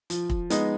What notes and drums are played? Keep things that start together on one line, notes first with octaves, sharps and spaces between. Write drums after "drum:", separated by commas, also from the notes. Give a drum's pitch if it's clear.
F3, drum: hi-hat
drum: kick
G#3 B3 D#4, drum: hi-hat